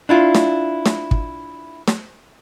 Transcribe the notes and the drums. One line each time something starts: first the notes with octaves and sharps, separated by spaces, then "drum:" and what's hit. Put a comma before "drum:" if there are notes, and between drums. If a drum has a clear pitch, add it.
D4 E4 F4
drum: snare
drum: snare
drum: kick
drum: snare